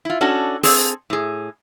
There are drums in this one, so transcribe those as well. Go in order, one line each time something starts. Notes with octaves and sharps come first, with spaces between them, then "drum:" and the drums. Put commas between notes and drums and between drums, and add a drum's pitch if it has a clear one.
E4 F4
C#4 D4 F#4 A4
C4 G#4 A4, drum: open hi-hat
A2 G#4